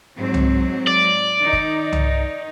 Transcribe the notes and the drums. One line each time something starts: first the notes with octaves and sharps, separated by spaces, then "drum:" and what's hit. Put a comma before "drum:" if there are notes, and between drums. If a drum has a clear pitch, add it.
G#2 F#3 C4
drum: tom C2
D5
D#3 D#4
drum: kick
drum: tom C2